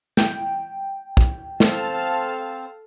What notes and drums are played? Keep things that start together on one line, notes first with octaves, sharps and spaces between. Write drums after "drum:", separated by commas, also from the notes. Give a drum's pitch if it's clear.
G5, drum: snare
drum: kick
C4 A4 C5 F5 A5, drum: snare